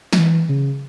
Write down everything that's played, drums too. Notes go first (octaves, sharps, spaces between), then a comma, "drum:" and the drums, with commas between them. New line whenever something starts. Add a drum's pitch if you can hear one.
F#3, drum: snare
E3
C#3